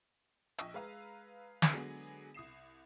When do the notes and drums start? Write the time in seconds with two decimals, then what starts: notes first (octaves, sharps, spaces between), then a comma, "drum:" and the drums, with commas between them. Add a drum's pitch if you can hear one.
0.58 A#1 D#5 G5 C#6 D#6 E6, drum: hi-hat
0.74 G#3 B4 F5 A#5
1.62 drum: snare
1.73 D3 F#3 G#3 B3 G#4
2.34 C2 D#6 C7 E7